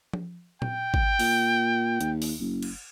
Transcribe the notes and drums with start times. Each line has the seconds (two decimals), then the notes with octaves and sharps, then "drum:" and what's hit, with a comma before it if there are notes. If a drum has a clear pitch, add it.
0.13 drum: tom F3
0.62 G5, drum: tom A#2
0.94 drum: kick G#1
1.19 A#2, drum: open hi-hat
2.01 D#2, drum: hi-hat
2.22 drum: open hi-hat
2.40 F#1
2.62 drum: cymbal